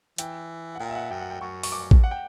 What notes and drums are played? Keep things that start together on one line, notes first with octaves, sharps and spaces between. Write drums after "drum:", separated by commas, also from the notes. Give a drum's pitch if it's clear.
E3 G5, drum: hi-hat
F#5
A#2 G5
E5
F#5
F#2 G5
F#5
G5
F#2 C#6
C#6, drum: open hi-hat
D6
drum: kick
F#5
G5